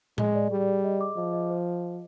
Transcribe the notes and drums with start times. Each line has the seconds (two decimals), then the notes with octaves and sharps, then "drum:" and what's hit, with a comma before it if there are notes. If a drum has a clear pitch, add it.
0.18 G#3 G#4, drum: tom A2
0.35 D5
0.51 G3 G#4
0.68 G#4
0.84 D#5
1.01 D6
1.17 F3 D#5
1.33 D#5
1.50 C5